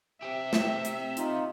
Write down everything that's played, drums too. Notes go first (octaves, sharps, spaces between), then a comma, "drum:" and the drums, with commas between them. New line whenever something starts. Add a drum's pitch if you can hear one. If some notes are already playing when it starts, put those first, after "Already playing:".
C4 G4 E5
drum: snare
drum: hi-hat
D#4 F4, drum: hi-hat